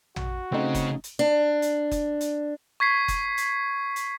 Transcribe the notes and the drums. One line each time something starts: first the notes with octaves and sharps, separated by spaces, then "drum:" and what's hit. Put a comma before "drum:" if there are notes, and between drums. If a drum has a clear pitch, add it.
F#4, drum: tom
C#3 A3 C4 D#4
drum: kick F#1, hi-hat
drum: hi-hat
D4
drum: hi-hat
drum: kick F#1, hi-hat
drum: hi-hat
C#6 G#6 B6 C7
drum: kick F#1, hi-hat
drum: hi-hat
drum: hi-hat